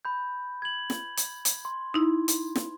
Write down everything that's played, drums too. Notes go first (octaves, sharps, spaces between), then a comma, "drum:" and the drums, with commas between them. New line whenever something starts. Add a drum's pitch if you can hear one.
B5 G6
G#6 F#7
drum: snare
drum: hi-hat
drum: hi-hat
C6
D#4 E4
drum: hi-hat
drum: snare